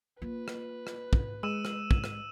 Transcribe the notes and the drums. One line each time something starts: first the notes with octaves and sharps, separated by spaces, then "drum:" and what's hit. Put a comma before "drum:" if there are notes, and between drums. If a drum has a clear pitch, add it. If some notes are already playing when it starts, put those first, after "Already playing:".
A#3 F4 B4
drum: rim click
drum: rim click
drum: kick
G#3 E6 D#7 E7
drum: rim click
drum: kick
drum: rim click